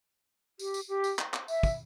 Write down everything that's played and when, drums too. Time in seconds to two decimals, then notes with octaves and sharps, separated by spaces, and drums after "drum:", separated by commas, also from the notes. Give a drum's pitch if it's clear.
0.59 G4, drum: tambourine
0.74 drum: tambourine
0.88 G4
1.04 drum: tambourine
1.19 drum: clap
1.34 drum: clap
1.48 E5, drum: tambourine
1.63 drum: kick, tambourine